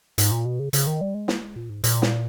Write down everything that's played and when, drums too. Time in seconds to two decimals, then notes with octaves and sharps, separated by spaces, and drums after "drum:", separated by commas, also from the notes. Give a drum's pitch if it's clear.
0.18 G#2, drum: hi-hat
0.31 A#2
0.45 B2
0.59 C#3
0.73 C#3, drum: hi-hat
0.87 D#3
1.01 G3
1.14 G#3
1.28 A#3, drum: snare
1.42 G#3
1.56 A#2
1.69 G#2
1.84 A#2, drum: hi-hat
2.02 drum: snare